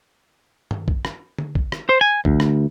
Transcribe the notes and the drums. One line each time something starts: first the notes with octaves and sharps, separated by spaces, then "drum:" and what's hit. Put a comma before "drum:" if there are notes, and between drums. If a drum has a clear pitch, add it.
drum: tom G2
drum: kick
drum: rim click
drum: tom D3
drum: kick
drum: rim click
C5
G#5
D2, drum: kick
drum: rim click